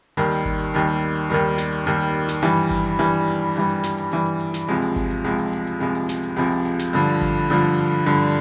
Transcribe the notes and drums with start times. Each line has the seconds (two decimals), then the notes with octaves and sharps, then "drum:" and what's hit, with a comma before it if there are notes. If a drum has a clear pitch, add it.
0.17 D#2 D#3 G3, drum: open hi-hat
0.31 drum: open hi-hat
0.45 drum: kick G#1, hi-hat
0.59 drum: hi-hat
0.74 D#2 D#3 G3, drum: hi-hat
0.87 drum: hi-hat
1.02 drum: hi-hat
1.16 drum: hi-hat
1.30 D#2 D#3 G3, drum: hi-hat
1.44 drum: open hi-hat
1.58 drum: snare
1.72 drum: hi-hat
1.86 D#2 D#3 G3, drum: hi-hat
2.00 drum: hi-hat
2.14 drum: hi-hat
2.28 drum: snare
2.43 G2 E3 G3, drum: open hi-hat
2.57 drum: open hi-hat
2.71 drum: kick G#1, hi-hat
2.85 drum: hi-hat
2.99 G2 E3 G3
3.13 drum: hi-hat
3.27 drum: hi-hat
3.56 G2 E3 G3, drum: hi-hat
3.69 drum: open hi-hat
3.83 drum: snare
3.97 drum: hi-hat
4.11 G2 E3 G3, drum: hi-hat
4.26 drum: hi-hat
4.40 drum: hi-hat
4.54 drum: snare
4.68 C#2 C3 F3 G#3
4.82 drum: open hi-hat
4.96 drum: kick G#1, hi-hat
5.10 drum: hi-hat
5.24 C#2 C3 F3 G#3, drum: hi-hat
5.38 drum: hi-hat
5.52 drum: hi-hat
5.66 drum: hi-hat
5.80 C#2 C3 F3 G#3, drum: hi-hat
5.95 drum: open hi-hat
6.09 drum: snare
6.23 drum: hi-hat
6.36 C#2 C3 F3 G#3, drum: hi-hat
6.51 drum: hi-hat
6.65 drum: hi-hat
6.79 drum: snare
6.93 G2 D3 F3, drum: open hi-hat
7.07 drum: open hi-hat
7.21 drum: kick G#1, hi-hat
7.36 drum: hi-hat
7.50 G2 D3 F3, drum: hi-hat
7.64 drum: hi-hat
7.78 drum: hi-hat
7.92 drum: hi-hat
8.06 G2 D3 F3, drum: hi-hat
8.20 drum: open hi-hat